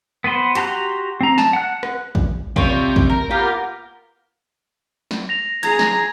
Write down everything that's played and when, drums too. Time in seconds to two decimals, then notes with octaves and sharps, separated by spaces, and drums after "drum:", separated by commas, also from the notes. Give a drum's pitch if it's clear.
0.24 B3 B4 C5 C6
0.55 F#4 G4 A#5 C6 F#6, drum: hi-hat
1.21 C4 A#5
1.38 A5, drum: snare
1.53 F#5 F#6
1.83 drum: rim click
2.15 drum: kick A1
2.56 C3 G3 F4 C#5 G6, drum: kick A1
2.96 drum: kick A1
3.10 A#4 A#5
3.31 A#3 B3 F4 G4 A#4
5.11 drum: snare
5.29 A#6 F7
5.63 G#4 A#5 G#6, drum: hi-hat
5.79 drum: snare